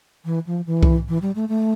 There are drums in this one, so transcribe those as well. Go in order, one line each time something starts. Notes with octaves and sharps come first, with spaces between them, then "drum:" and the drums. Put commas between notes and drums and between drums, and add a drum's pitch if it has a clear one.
E3
F3
E3
drum: kick C2
E3
G3
A3
A3